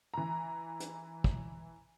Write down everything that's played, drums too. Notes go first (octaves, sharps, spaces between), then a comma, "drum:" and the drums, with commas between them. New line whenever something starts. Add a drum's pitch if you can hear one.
E3 A#5
drum: hi-hat
drum: kick